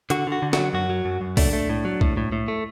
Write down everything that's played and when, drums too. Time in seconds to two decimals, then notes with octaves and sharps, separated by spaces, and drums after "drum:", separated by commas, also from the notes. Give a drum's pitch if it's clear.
0.10 D3 F#4, drum: hi-hat
0.27 D3 F#4
0.42 D3
0.53 F#4, drum: snare
0.59 F#3
0.73 F#2 F#4
0.90 F#3
1.05 F#2
1.21 F#2
1.37 A3 D4, drum: kick, open hi-hat
1.53 A3
1.69 A2
1.85 F#3
2.01 A2, drum: kick
2.17 A2
2.32 A2
2.48 A3